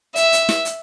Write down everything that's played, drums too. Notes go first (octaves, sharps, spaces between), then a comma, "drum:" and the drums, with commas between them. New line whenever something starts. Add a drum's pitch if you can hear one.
E5, drum: hi-hat
drum: hi-hat
drum: snare
drum: hi-hat